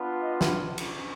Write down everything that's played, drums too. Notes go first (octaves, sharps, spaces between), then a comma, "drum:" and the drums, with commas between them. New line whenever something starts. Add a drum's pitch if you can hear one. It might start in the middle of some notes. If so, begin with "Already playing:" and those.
Already playing: B3 D4 F4
D#5
drum: snare
drum: cymbal